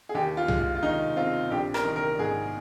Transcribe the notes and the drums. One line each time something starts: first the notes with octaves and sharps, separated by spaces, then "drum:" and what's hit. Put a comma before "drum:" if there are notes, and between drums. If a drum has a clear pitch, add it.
G#4
D#2 G4
F4
G#3, drum: tom C2
F4
F4
D#3 D#4
C4 F4
A#1 G4
A#4, drum: rim click
D#3
A#4
G#2 G#4